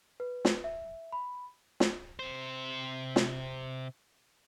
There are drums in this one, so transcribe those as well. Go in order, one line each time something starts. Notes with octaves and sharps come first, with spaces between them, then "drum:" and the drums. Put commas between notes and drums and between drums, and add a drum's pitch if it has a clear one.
B4
drum: snare
E5
B5
drum: snare
C3 C5
drum: snare